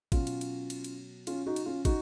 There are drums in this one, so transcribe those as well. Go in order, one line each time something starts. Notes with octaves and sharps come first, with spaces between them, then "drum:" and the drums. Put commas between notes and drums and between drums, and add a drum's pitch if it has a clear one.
B2 F#3 C#4 F4, drum: kick, cymbal
drum: cymbal
drum: cymbal
drum: cymbal
drum: cymbal
C#4 F4, drum: cymbal
D#4 F#4
drum: cymbal
C#4 F4
D#4 F#4, drum: kick, cymbal